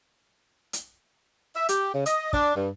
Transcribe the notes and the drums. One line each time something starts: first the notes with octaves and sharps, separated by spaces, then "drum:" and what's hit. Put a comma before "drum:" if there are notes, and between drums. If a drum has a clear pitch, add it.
drum: hi-hat
E5
G4, drum: hi-hat
C#3
D#5, drum: hi-hat
D4, drum: kick
G2